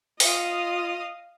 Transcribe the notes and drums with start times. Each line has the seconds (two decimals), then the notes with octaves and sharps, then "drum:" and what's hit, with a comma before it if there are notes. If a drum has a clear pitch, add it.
0.20 F4 D#5 F5 D#6, drum: open hi-hat